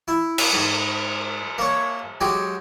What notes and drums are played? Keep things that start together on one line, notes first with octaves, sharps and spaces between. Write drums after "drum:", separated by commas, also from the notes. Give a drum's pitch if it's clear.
E4
drum: cymbal
G#2
A#3 C#5
F#3 G#3 G4